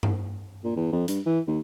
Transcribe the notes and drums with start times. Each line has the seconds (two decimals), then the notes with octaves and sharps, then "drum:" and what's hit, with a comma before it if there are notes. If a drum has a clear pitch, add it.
0.03 drum: tom G2
0.64 A#2
0.76 E2
0.92 F2
1.08 G2, drum: hi-hat
1.26 E3
1.47 D#2